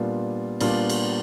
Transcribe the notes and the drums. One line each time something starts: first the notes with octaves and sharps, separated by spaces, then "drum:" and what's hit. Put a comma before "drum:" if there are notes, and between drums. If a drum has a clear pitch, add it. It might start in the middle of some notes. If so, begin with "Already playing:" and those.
Already playing: A#2 G3 B3 D4 F4
A#2 G3 B3 D4 F4, drum: cymbal
drum: cymbal